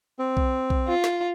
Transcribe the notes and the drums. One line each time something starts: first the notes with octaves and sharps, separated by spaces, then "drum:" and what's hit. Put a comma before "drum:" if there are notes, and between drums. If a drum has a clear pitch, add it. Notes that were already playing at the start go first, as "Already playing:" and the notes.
C4
drum: kick B1
drum: kick B1
F4
drum: snare